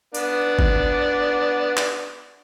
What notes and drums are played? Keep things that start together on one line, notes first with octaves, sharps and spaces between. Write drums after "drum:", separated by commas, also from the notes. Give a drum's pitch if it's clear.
B3 D4, drum: tambourine
drum: kick
drum: clap